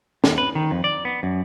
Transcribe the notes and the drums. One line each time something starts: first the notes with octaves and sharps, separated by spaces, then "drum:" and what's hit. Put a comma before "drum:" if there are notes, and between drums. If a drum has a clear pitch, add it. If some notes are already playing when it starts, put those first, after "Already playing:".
D#2, drum: snare
B4
D#3
F2
D5
B3
F#2